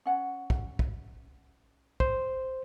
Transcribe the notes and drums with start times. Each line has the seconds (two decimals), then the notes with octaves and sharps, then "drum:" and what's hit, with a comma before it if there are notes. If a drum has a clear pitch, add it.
0.06 C#4 F#5
0.50 drum: kick
0.79 drum: kick
2.00 C5, drum: kick